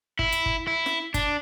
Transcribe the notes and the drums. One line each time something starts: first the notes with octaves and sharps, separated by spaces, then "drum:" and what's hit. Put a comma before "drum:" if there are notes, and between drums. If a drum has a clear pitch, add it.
E4, drum: kick G1
drum: hi-hat
drum: kick G1
E4
drum: snare
D4, drum: kick G1, hi-hat